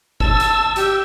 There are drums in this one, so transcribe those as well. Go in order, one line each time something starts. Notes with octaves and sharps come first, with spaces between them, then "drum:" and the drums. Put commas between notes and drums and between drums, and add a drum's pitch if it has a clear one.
A5 E6, drum: kick F#1
drum: hi-hat
G4, drum: hi-hat